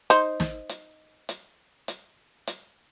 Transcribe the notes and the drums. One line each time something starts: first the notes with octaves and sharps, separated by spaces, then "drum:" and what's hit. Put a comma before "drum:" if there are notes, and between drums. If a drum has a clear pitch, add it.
D#4 C5, drum: hi-hat
drum: snare
drum: hi-hat
drum: hi-hat
drum: hi-hat
drum: hi-hat